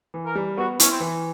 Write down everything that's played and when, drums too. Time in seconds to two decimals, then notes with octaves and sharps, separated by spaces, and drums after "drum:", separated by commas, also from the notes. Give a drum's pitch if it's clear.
0.14 E3
0.26 A#4
0.35 G3
0.57 B3 F#4
0.80 C#4 E4, drum: hi-hat
0.90 C4
1.00 E3